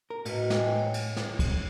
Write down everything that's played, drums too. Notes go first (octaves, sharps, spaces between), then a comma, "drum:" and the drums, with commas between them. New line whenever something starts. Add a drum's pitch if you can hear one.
A#4
A2 F#4 B4 D#5, drum: cymbal
D#5 G5 G#5, drum: snare
C#5
drum: cymbal
drum: snare
drum: kick, cymbal